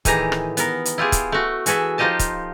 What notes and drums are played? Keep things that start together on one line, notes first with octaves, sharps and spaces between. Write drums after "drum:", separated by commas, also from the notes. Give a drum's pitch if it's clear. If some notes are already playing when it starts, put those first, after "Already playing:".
A2 D#3 E3 G4 G#4 A#5, drum: kick, hi-hat
drum: rim click
B3 A#4, drum: hi-hat
drum: hi-hat
E4 F4 G4 G#4
drum: kick, hi-hat
A3 F#4
E3 F#4 G#4 A4 E5, drum: hi-hat
F3 D#4 F4 G4 D#5 A5
drum: kick, hi-hat